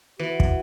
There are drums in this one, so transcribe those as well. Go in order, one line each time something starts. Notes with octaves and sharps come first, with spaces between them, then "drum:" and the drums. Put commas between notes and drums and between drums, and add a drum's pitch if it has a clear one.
E3 F#4
drum: kick